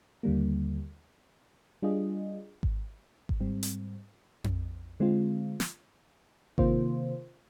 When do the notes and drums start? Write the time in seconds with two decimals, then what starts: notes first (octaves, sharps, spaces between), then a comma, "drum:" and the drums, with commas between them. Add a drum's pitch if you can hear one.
0.23 D#2 D3 G3 A#3
1.82 G3 D4 F4 G#4 D#5
2.63 drum: kick G#1
3.29 drum: kick G#1
3.41 G#2 G3 C4
3.63 drum: hi-hat
4.44 drum: tom F2
5.00 D3 G#3 C4 F4
5.60 drum: snare
6.58 C3 D#3 A#3 F4 C5, drum: kick G#1